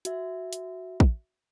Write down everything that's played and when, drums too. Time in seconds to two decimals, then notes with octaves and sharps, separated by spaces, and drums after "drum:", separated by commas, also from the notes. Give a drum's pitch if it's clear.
0.05 F#4 E5, drum: hi-hat
0.53 drum: hi-hat
1.00 drum: kick